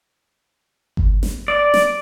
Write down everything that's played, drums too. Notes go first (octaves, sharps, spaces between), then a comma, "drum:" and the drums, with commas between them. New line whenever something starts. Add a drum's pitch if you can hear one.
drum: kick G1
drum: snare
D5
drum: snare